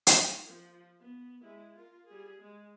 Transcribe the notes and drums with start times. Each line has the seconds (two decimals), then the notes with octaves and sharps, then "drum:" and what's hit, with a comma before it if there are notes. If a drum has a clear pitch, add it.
0.07 drum: hi-hat
0.45 F3
0.99 B3
1.42 G#3 E4
1.76 F4 A#4
2.06 G3 G#4
2.42 G#3